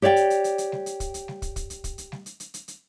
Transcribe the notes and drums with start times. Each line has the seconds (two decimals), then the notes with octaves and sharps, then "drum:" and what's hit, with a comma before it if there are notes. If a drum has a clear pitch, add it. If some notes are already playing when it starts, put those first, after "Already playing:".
0.02 G4 C#5 D5 E5 G5
0.16 drum: hi-hat
0.30 drum: hi-hat
0.44 drum: hi-hat
0.58 drum: hi-hat
0.72 drum: snare G3
0.86 drum: hi-hat
1.00 drum: kick, hi-hat
1.14 drum: hi-hat
1.28 drum: snare G3
1.42 drum: kick, hi-hat
1.56 drum: kick, hi-hat
1.70 drum: hi-hat
1.84 drum: kick, hi-hat
1.98 drum: hi-hat
2.12 drum: snare G3
2.26 drum: hi-hat
2.40 drum: hi-hat
2.54 drum: hi-hat
2.68 drum: hi-hat